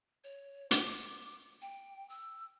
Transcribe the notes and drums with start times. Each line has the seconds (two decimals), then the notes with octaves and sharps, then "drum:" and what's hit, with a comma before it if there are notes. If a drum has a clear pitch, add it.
0.24 C#5
0.71 D6, drum: hi-hat
1.62 G5
2.10 E6